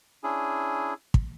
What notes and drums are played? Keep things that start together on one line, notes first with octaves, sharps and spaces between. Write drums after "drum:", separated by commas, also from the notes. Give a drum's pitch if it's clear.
C#4 D4 E4 G#4
drum: kick